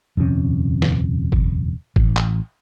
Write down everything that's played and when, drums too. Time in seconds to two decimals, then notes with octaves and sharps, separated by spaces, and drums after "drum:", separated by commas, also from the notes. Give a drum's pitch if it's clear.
0.17 D#1 F2 C3 C#4
0.82 drum: snare
1.32 drum: kick G1
1.96 A1, drum: kick G1
2.17 drum: clap